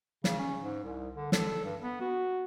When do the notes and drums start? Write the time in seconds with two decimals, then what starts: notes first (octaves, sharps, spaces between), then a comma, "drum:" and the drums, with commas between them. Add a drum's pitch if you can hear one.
0.24 C#3, drum: snare
0.39 C#4
0.61 G#2
0.84 C2
1.15 D3
1.32 A4, drum: snare
1.64 G2
1.80 B3
2.01 F#4